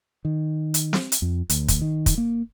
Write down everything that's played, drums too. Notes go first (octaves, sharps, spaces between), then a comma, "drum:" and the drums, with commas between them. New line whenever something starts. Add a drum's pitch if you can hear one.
D#3
drum: hi-hat
drum: snare
drum: hi-hat
F2
D2, drum: hi-hat
drum: kick, hi-hat
D#3
drum: kick, hi-hat
A#3